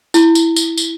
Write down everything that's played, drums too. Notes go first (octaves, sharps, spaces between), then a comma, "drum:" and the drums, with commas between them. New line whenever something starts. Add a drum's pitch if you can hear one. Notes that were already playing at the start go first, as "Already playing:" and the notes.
E4, drum: tambourine
drum: tambourine
drum: tambourine
drum: tambourine